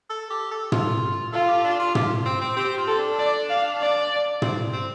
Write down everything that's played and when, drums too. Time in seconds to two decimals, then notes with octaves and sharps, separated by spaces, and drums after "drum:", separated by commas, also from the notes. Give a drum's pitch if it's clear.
0.10 A4
0.30 G4
0.51 A4
0.72 F4, drum: tom
1.33 F4 A4
1.49 G4
1.64 D4
1.79 F4
1.95 G4, drum: tom
2.26 C4
2.41 C4
2.56 C4 G4
2.77 F4
2.88 A4
2.98 D4
3.19 D5
3.50 F5
3.81 D5
4.42 C4, drum: tom
4.73 C4